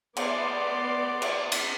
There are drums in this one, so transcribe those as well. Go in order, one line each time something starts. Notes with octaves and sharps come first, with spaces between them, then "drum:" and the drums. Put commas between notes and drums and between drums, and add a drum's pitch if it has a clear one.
B3 D5 C6, drum: cymbal
drum: cymbal
drum: cymbal